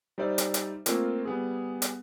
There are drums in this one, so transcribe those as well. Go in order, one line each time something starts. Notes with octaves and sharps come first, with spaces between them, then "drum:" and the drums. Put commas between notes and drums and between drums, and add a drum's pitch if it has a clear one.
G3 D#4 C5 D5 E5
drum: hi-hat
drum: hi-hat
A3 A#3 C4 F4 A#4, drum: hi-hat
G3 B3 G#4
drum: hi-hat